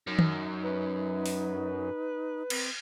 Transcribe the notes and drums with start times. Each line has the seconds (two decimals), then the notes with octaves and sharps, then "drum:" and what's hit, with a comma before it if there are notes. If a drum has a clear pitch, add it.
0.07 F#2 D#4
0.19 drum: tom D#3
0.64 B4
1.26 drum: open hi-hat
2.50 C4, drum: cymbal